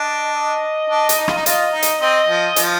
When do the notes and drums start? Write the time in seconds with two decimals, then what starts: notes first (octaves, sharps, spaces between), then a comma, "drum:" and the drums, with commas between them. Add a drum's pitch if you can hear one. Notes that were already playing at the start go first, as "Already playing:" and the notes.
Already playing: D4 D#5
0.35 D#5
0.90 D4
1.09 drum: hi-hat
1.18 D#4
1.28 F4, drum: rim click
1.37 D#4
1.46 F4 D#5, drum: hi-hat
1.73 D#4
1.83 drum: hi-hat
2.01 C4 D#5
2.29 F3
2.56 F3, drum: hi-hat